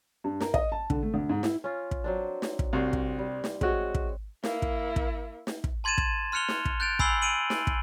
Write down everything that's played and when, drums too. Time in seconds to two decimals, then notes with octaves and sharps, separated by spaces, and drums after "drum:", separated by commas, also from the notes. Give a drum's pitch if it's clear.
0.24 G2
0.40 A#4, drum: snare
0.54 D#5, drum: kick
0.72 A5
0.90 D3, drum: kick
1.03 A3
1.14 D2
1.29 G#2
1.43 E4, drum: snare
1.64 C#4 F4
1.91 drum: kick
2.04 F#3 C4 D4
2.42 drum: snare
2.59 drum: kick
2.73 C2 F#4 C5
2.93 drum: kick
3.19 G3
3.44 drum: snare
3.61 G#3 C4 F#4 C#5 G5, drum: kick
3.94 drum: kick
4.44 A#3 E4, drum: snare
4.62 drum: kick
4.96 drum: kick
5.47 drum: snare
5.64 drum: kick
5.84 A5 C6 G#6 A6 D#7 E7
5.98 drum: kick
6.32 C6 F6 F#6 C#7 F7 G7
6.48 drum: snare
6.65 drum: kick
6.80 F#6 G6 A6 D7 F7
6.99 G#5 B5 E6 C7 F#7 G7, drum: kick
7.22 D7 D#7 F#7
7.50 drum: snare
7.67 drum: kick